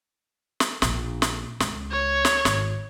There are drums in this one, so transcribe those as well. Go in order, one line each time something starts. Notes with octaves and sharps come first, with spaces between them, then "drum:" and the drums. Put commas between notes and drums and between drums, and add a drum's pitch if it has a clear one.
drum: snare
A#1, drum: snare
drum: snare
C#2, drum: snare
C#5
drum: snare
G#1, drum: snare